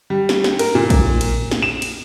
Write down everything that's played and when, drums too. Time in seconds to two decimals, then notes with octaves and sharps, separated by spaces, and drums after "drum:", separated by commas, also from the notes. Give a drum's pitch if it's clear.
0.10 G3
0.29 drum: snare
0.44 drum: snare
0.59 A#4, drum: cymbal
0.75 A#2
0.90 drum: kick, cymbal
1.21 drum: cymbal
1.51 drum: snare
1.63 E7
1.82 drum: cymbal